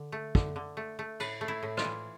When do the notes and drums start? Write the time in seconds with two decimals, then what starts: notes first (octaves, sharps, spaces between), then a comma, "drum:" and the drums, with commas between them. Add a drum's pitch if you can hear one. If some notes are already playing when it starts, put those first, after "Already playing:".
Already playing: D3
0.12 A3
0.35 D3, drum: kick
0.56 D3
0.77 A3
0.99 A3
1.20 A2 B4, drum: cymbal
1.41 A3
1.48 E4
1.63 A2
1.77 F4, drum: rim click
1.84 E3